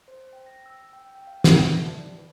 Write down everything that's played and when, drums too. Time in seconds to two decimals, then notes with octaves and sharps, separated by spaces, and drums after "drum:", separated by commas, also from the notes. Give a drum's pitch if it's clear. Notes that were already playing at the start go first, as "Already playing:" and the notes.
0.08 C5
0.33 G5
0.46 A#6
0.66 E6
0.93 G5
1.15 G5
1.27 F5
1.44 D5, drum: snare
1.59 E5
1.78 A5
1.98 D5
2.18 B4